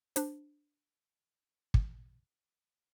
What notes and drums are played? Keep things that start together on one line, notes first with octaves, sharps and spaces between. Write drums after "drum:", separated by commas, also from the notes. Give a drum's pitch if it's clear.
D4 C5, drum: hi-hat
drum: kick